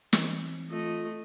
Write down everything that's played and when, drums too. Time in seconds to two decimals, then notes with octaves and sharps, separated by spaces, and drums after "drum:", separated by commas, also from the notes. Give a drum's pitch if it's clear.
0.13 E3 C4, drum: snare
0.70 A3 F4 D#5